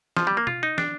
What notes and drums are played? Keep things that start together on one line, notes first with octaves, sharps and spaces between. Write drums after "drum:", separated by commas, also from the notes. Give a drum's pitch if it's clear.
F3, drum: snare
G3
A#3
F4, drum: tom B2
D#4
D4, drum: snare